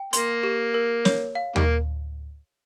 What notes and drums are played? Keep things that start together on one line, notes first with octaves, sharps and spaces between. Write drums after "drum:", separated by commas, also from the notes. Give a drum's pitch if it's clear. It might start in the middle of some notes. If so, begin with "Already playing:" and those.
Already playing: G5
A#3 C6, drum: hi-hat
G4
A#4
C#5, drum: snare
F5
D#3 G3 A#3, drum: tom